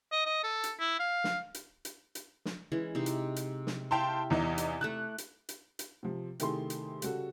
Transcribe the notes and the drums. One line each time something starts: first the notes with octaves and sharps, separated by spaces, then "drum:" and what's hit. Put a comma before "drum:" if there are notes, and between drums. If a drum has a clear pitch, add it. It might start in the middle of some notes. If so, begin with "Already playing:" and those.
D#5
D#5
A4
drum: hi-hat
E4
F5
drum: snare
drum: hi-hat
drum: hi-hat
drum: hi-hat
drum: snare
E3 G#3 C#4
C3 D#4 C5
drum: hi-hat
drum: hi-hat
drum: snare
E4 E5 F5 G5 A5 C6
E2 E3 D#4
drum: hi-hat
A3 A5 D6 F#6
drum: hi-hat
drum: hi-hat
drum: hi-hat
C3 F3
C3 D#3 A3 E4 G#4 C6, drum: hi-hat
drum: hi-hat
C#3 G3 F#4 A4, drum: hi-hat